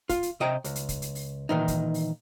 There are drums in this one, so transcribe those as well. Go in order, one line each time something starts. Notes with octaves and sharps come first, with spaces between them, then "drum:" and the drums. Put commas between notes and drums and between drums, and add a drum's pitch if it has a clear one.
F4, drum: kick, hi-hat
drum: hi-hat
C3 D#5 G5 A#5
C#2, drum: hi-hat
drum: hi-hat
drum: kick, hi-hat
drum: hi-hat
drum: open hi-hat
A#2 D#3 E3 D#4
drum: kick, hi-hat
drum: open hi-hat